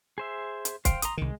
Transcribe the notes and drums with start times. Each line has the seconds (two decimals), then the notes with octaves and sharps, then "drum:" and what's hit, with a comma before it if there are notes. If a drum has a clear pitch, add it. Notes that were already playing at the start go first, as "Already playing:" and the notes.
0.18 G#4 C5 E5
0.65 drum: hi-hat
0.85 C5 F5 G5, drum: kick, hi-hat
1.02 A#5 C6 D#6, drum: hi-hat
1.17 C2 D#3 G#3